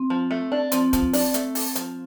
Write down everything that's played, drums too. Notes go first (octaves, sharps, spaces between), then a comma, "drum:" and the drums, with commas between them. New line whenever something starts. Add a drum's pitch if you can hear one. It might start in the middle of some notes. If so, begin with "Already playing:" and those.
Already playing: C4
F3
A3
D4
F3 C4, drum: hi-hat
F3, drum: kick, hi-hat
D4, drum: open hi-hat
A3, drum: hi-hat
A4, drum: open hi-hat
F3, drum: hi-hat